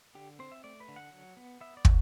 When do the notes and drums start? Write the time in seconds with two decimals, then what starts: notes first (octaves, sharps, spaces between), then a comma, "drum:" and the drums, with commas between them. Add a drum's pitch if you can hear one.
0.15 D3 G4
0.39 C4 C5
0.52 E5
0.64 A3 D5
0.80 B4
0.88 D3
0.96 F#5
1.12 F#3
1.37 B3
1.61 B3 E5
1.77 D5
1.85 F#3, drum: kick